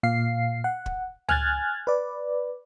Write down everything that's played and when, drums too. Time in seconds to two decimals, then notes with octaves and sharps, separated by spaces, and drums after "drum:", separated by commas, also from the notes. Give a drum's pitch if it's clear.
0.03 A#2 F5 C7
0.64 F#5
0.86 drum: kick
1.29 G#5 F6 F#6 G#6 A6, drum: tom C#2
1.87 B4 D5